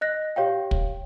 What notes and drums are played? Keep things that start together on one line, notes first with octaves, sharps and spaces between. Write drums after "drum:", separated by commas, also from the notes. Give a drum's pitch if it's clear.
D#5 F#6 A#6
G4 C#5 F5 G5
drum: kick